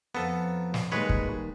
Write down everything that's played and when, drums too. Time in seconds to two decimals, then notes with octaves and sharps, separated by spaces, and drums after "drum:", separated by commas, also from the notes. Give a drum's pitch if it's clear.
0.15 F2 B3 A4 F5 A#5
0.74 drum: snare
0.92 D#3 G3 G#3 A#3 G#4 B4 C#5
1.09 drum: kick